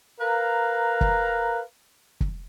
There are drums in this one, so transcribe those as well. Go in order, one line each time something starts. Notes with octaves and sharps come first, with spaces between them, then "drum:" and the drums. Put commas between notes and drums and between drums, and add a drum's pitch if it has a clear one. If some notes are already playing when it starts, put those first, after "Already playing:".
A#4 B4 F5 A#5
drum: kick
drum: kick